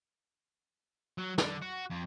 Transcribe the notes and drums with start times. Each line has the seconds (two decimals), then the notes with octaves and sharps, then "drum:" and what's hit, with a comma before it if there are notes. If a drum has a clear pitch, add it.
1.18 F#3
1.38 D3, drum: snare
1.62 F#4
1.90 F2